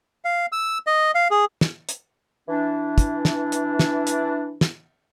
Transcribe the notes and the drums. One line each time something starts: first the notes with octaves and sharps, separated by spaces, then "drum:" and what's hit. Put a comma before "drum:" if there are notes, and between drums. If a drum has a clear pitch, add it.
F5
E6
D#5
F5
G#4
drum: snare
drum: hi-hat
E3 D4
drum: kick, hi-hat
drum: snare
drum: hi-hat
drum: snare
drum: hi-hat
drum: snare